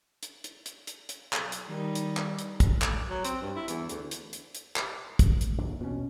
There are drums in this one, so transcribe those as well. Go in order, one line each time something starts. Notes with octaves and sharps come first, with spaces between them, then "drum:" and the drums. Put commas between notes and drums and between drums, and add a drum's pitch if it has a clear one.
drum: hi-hat
drum: hi-hat
drum: hi-hat
drum: hi-hat
drum: hi-hat
B1, drum: clap
drum: hi-hat
D#3 G3 D#4
drum: hi-hat
drum: clap
drum: hi-hat
drum: kick, hi-hat
drum: clap
F#3
C4, drum: hi-hat
G2
E4
E2, drum: hi-hat
D2, drum: hi-hat
drum: hi-hat
drum: hi-hat
drum: hi-hat
drum: clap
drum: kick, hi-hat
drum: hi-hat
E2 A#2 D4
B2 C#4